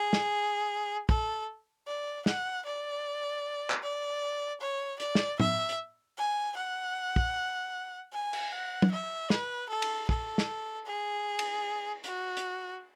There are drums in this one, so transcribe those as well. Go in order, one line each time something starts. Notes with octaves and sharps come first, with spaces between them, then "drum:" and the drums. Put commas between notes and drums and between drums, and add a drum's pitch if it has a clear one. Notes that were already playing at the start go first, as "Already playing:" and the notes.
Already playing: G#4
drum: snare
A4, drum: kick
D5
F#5, drum: snare
D5
drum: clap
D5
C#5
D5, drum: hi-hat
drum: snare
E5, drum: tom
drum: hi-hat
G#5
F#5
drum: kick
G#5
drum: cymbal
F#5
drum: tom
E5
B4, drum: snare
A4
drum: cymbal
A4, drum: kick
drum: snare
G#4
drum: cymbal
F#4, drum: hi-hat
drum: hi-hat